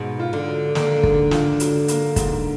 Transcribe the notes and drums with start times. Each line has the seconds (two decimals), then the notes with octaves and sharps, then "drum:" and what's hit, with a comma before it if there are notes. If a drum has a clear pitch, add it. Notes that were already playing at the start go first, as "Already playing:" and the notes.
Already playing: G#2 B2
0.20 F4
0.33 D3
0.48 F#3
0.75 D3 A#3, drum: snare
1.03 G#2, drum: kick
1.31 F4, drum: snare
1.60 F#3, drum: hi-hat
1.88 A#3, drum: hi-hat
2.16 G#2, drum: kick, hi-hat